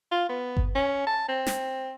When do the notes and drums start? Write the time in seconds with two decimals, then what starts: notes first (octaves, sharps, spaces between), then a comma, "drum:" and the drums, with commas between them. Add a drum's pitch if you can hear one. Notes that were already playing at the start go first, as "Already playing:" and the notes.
0.12 F4
0.29 B3
0.57 drum: kick G1
0.75 C#4
1.07 A5
1.29 C4
1.46 drum: snare